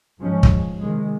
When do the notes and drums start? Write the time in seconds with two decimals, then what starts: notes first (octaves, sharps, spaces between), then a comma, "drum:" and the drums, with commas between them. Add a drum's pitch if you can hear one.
0.18 G#2 F3 G#3 C#4
0.43 drum: kick
0.78 C3 D#3 G#3